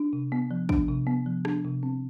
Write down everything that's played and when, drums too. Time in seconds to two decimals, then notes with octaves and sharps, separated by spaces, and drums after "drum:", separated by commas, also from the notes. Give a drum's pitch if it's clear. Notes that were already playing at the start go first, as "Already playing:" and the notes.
Already playing: D4
0.13 C3
0.32 B3
0.51 F3
0.69 D4, drum: kick
0.89 C3
1.07 B3
1.26 F3
1.45 D4, drum: rim click
1.65 C3
1.83 C4